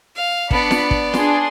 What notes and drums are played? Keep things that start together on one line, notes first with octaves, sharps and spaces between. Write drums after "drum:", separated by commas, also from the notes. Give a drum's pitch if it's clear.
F5
B3 D4 D5 B5 C#7, drum: kick
drum: snare
drum: kick
D4 G#4 C6, drum: snare